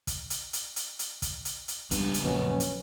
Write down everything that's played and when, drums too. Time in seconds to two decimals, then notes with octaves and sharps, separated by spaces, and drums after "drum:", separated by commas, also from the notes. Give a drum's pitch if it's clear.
0.07 drum: kick, hi-hat
0.30 drum: hi-hat
0.53 drum: hi-hat
0.76 drum: hi-hat
0.99 drum: hi-hat
1.22 drum: kick, hi-hat
1.45 drum: hi-hat
1.68 drum: hi-hat
1.91 C#2 G2 B3, drum: kick, hi-hat
2.14 drum: hi-hat
2.24 A#1 F#2 B2 C#4
2.60 drum: hi-hat